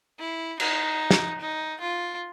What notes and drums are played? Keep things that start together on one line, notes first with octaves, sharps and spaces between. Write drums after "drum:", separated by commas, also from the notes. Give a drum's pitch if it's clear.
E4
D#4, drum: cymbal
drum: snare
D#4
F4